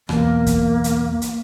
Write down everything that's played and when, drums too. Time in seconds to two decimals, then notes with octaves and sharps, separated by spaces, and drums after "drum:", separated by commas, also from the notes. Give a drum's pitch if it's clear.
0.09 B1 E2 A#3, drum: rim click
0.46 drum: kick, hi-hat
0.84 drum: hi-hat
1.22 drum: hi-hat